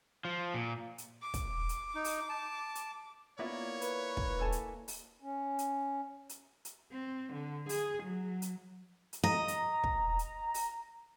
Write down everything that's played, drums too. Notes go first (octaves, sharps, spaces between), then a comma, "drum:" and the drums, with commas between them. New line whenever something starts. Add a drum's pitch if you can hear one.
F3
A#2
drum: hi-hat
D6
drum: kick, hi-hat
drum: hi-hat
D#4
drum: open hi-hat
A5
drum: hi-hat
A#3 B3 E4 F4 C#5 D5 E5
B4, drum: hi-hat
drum: kick
A4 G#5 A5
drum: hi-hat
drum: open hi-hat
C#4
drum: hi-hat
drum: hi-hat
drum: hi-hat
C4
D3
G#4, drum: open hi-hat
F#3
drum: hi-hat
drum: hi-hat
D#5 A#5
drum: hi-hat
drum: kick
drum: hi-hat
drum: open hi-hat